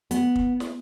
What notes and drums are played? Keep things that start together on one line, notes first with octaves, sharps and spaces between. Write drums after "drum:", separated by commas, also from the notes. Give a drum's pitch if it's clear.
B3, drum: hi-hat
drum: kick
drum: snare